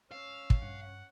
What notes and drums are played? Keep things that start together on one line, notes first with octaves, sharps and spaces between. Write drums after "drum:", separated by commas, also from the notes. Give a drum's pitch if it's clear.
C#4 F5 E6
drum: kick
G2 F#5